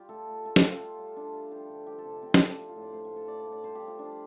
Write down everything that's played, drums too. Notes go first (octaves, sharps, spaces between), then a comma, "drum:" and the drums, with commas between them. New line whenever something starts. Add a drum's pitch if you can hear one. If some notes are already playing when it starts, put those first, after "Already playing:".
Already playing: G3 F4 G4
A3 A4
A3
A3 A4
G4, drum: snare
A3
F4
G3
G3
G3 D4
G3
F3 G4
D3
F3 G4
A4
C3
A4
A3 C4
D4, drum: snare
A3
F3 F4
F4
A2
D5
A3 C5
G4
A3
A4
A3 D5
D5
A3
D5
G3 C5
G4
G3
F4
F3 D4